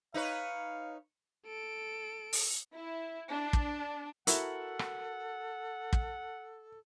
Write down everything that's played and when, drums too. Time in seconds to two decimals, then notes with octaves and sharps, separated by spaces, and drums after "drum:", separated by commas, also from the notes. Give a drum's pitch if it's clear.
0.14 D#4 B4 C#5 F5
1.46 A4 D7
2.33 drum: open hi-hat
2.73 E4
3.29 D4
3.53 drum: kick
4.27 E4 F#4 A4 A#4 F#5, drum: hi-hat
4.79 drum: rim click
5.93 drum: kick